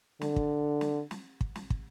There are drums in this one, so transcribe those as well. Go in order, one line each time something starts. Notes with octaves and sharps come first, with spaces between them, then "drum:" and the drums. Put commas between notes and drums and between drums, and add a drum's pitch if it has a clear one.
D3, drum: snare
drum: kick
drum: snare
drum: snare
drum: kick
drum: snare
drum: kick